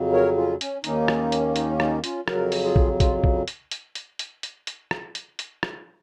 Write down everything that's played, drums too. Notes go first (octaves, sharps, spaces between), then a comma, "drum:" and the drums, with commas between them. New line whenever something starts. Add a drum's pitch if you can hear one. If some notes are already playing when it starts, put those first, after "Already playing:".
Already playing: F2 C#3 F#3
A#4 C#5
C#4 F4
C#4, drum: hi-hat
D#2 D#3 A#3 C#4 D#4, drum: hi-hat
drum: rim click
drum: hi-hat
D#4, drum: hi-hat
D#4, drum: rim click
C#4 F4, drum: hi-hat
F2 C#3 F#3 F#4 A#4, drum: rim click
drum: open hi-hat
F4 G#4
drum: kick
F4, drum: kick, hi-hat
drum: kick
drum: hi-hat
drum: hi-hat
drum: hi-hat
drum: hi-hat
drum: hi-hat
drum: hi-hat
drum: rim click
drum: hi-hat
drum: hi-hat
drum: rim click